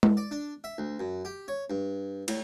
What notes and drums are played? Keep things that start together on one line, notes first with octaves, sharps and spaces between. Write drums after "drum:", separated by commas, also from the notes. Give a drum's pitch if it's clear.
drum: tom G#3
D5
D4
E5
D2
F#2
G4
C#5
G2
A2, drum: cymbal